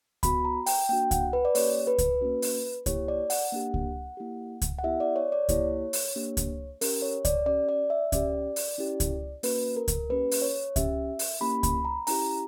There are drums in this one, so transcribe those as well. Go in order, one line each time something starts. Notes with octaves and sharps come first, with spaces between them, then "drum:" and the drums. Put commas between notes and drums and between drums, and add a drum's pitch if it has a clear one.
B3 F#4 B5, drum: kick C#2, hi-hat
A#5
G5, drum: open hi-hat
A#3 D4 F#4 G5
F#5, drum: kick C#2, hi-hat
B4
D5
A#3 C#4 G4 C#5, drum: open hi-hat
B4
drum: kick C#2, hi-hat
A#3 C#4 F#4
drum: open hi-hat
A#3 E4 G4 C#5, drum: kick C#2, hi-hat
D5
F#5, drum: open hi-hat
A#3 D4 G4
drum: kick C#2
A#3 E4 G4
drum: kick C#2, hi-hat
F#5
B3 E4 G4 E5
D5
C#5
D5
A#3 E4 G4 C#5, drum: kick C#2, hi-hat
drum: open hi-hat
A#3 D4 G4
drum: kick C#2, hi-hat
C#4 G4 A#4, drum: open hi-hat
C#5
D5, drum: kick C#2, hi-hat
C#4 G4 D5
D5
E5
C#4 G4 D5, drum: kick C#2, hi-hat
drum: open hi-hat
C#4 E4 G4
drum: kick C#2, hi-hat
A#3 C#4 F#4 B4, drum: open hi-hat
A#4
drum: kick C#2, hi-hat
A#3 C#4 G4 B4
drum: open hi-hat
C#5
C#4 G4 E5, drum: kick C#2, hi-hat
drum: open hi-hat
A#3 C#4 E4 G4 B5
B5, drum: kick C#2, hi-hat
A#5
C#4 E4 G4 A#5, drum: open hi-hat